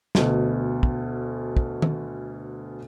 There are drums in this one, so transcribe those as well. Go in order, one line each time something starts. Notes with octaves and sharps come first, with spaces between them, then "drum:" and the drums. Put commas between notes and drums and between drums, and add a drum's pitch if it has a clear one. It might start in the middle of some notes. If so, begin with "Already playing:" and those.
D2 B2, drum: snare
drum: kick
drum: kick
drum: tom D#3